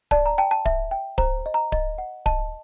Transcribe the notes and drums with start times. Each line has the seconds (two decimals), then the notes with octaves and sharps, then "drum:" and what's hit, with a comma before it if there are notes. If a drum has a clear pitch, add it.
0.11 D5 A5, drum: kick D1
0.26 A#5
0.38 G5 A5
0.51 A5
0.66 E5, drum: kick D1
0.91 G5
1.18 C5 A#5, drum: kick D1
1.46 D#5
1.54 A#5
1.72 D#5, drum: kick D1
1.98 F#5
2.26 D#5 A5, drum: kick D1